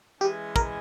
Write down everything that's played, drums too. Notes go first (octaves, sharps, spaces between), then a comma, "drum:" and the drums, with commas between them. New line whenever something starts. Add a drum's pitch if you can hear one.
E3 G#3 C#4 G4
A#4, drum: kick